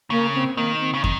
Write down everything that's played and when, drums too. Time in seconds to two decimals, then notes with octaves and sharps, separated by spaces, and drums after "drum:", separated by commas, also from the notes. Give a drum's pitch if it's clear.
0.10 C#3 A#3
0.34 C4
0.56 D#3 A#3
0.80 C4
0.94 C#3
1.04 D#3, drum: kick